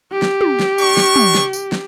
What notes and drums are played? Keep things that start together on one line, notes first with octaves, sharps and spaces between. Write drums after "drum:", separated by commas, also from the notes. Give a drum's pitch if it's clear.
G4
drum: snare
drum: tom
drum: snare
D4 C#6, drum: tambourine
drum: snare
drum: tom
drum: snare
drum: tambourine
drum: snare